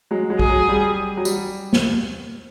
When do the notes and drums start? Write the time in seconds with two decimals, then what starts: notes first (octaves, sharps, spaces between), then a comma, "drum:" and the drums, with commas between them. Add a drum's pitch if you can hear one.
0.11 F#3 G#3
0.30 F#3 G#3
0.39 G#4, drum: kick A#1
0.50 F#3
0.69 G3
1.17 F#3
1.25 G3, drum: tambourine
1.73 drum: snare